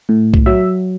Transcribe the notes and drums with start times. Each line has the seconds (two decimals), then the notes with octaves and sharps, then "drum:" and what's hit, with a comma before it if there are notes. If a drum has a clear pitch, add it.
0.09 A2
0.34 drum: kick B1
0.46 F#3 E5